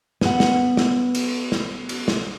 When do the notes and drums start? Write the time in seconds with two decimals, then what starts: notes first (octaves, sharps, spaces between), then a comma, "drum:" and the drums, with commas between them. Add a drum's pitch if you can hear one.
0.21 B3 F#5, drum: snare
0.40 drum: snare
0.77 drum: snare
1.15 drum: cymbal
1.52 drum: snare
1.89 drum: cymbal
2.08 drum: snare